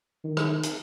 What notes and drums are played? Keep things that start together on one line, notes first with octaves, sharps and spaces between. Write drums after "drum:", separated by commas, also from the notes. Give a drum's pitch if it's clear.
D#3
drum: rim click
drum: hi-hat